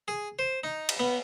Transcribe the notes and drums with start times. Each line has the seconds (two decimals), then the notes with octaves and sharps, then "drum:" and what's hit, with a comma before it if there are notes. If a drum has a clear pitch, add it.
0.08 G#4
0.39 C5
0.64 D#4
0.89 drum: cymbal
0.99 B3